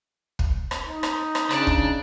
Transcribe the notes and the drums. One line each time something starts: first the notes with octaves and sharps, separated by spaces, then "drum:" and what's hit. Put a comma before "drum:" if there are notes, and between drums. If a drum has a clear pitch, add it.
drum: kick
drum: rim click
D#4
drum: rim click
drum: rim click
C#3 D4 D5, drum: rim click
drum: kick